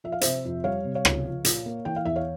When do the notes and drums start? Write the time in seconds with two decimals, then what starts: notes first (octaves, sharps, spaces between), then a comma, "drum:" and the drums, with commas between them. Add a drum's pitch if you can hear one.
0.04 F3 E5
0.12 F5
0.21 C3 C5 E5, drum: hi-hat
0.45 F2
0.64 G3 C#5 F5
0.84 C3
0.95 C#5 F5
1.05 C#2, drum: rim click
1.25 F3
1.45 A#2, drum: hi-hat
1.66 A#3
1.85 E3 G5
1.96 F5
2.05 E2 E5
2.16 C#5 F5